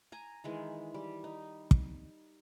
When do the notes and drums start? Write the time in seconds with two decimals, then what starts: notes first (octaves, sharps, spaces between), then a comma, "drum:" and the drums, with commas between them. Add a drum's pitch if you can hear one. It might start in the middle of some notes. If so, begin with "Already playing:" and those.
0.12 G#5 A#5
0.44 D#3 E3 G#3
0.94 G3
1.24 D#4
1.71 drum: kick